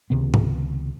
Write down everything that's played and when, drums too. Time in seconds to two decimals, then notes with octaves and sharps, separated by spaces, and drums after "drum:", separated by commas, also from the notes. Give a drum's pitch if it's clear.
0.10 C#2 C3 D#3 B3
0.34 drum: tom G#2